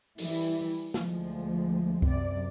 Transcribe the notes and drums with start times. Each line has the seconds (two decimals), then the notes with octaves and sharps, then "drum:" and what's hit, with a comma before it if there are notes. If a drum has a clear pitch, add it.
0.18 E3 G3 E4, drum: open hi-hat
0.94 D2 F3 G#3, drum: snare
2.02 F#2 C3 D5, drum: kick C2